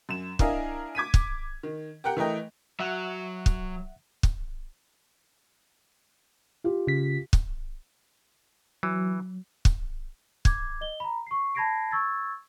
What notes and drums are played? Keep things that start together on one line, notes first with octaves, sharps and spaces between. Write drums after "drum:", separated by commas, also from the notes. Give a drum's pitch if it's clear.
F#2 E7
D4 E4 A#4 D#5 F5 G#5, drum: kick
D6 G#6 B6 D#7
drum: kick
D#3
G4 A#4 F#5 G5
E3 A3 A#4 D#5 G5
F#3 E5 F#5 F#6
drum: kick
drum: kick
F4 G4
C#3 B6
drum: kick
E3 F#3
drum: kick
D6 G#6, drum: kick
D#5 G7
A#5 B5
C#6 C7
A5 B5 G#6 A#6 C7 D7
C#6 E6 G#6 A6